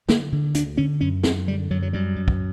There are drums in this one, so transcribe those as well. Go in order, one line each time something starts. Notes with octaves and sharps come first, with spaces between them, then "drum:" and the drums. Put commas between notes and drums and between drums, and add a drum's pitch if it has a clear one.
D3 A#3, drum: snare
D3
D2 D4, drum: hi-hat
D3 C#4
F#2 C#4
F#2 C4, drum: snare
D3 G3
F#2 F#3
F#3
F#2 G3
F#2
drum: kick